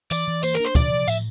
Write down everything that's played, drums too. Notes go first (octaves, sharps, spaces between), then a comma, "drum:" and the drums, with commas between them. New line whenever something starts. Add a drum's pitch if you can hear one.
E3 D5, drum: tambourine
E3
A#3 C5, drum: tambourine
A#4
D4 C5
C3 D5, drum: kick, tambourine
F3
A2 E5, drum: tambourine